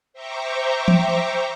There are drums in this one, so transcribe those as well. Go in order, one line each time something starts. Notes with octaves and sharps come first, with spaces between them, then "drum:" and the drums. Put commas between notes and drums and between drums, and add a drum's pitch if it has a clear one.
C5 E5 G5 A#5 C#6 D6
drum: tom E3